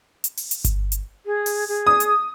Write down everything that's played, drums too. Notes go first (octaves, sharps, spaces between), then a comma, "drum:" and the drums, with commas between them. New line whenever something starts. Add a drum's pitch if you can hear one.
drum: hi-hat
drum: open hi-hat
drum: hi-hat
drum: kick G1, hi-hat
drum: hi-hat
G#4
drum: open hi-hat
G#4
D#6
drum: hi-hat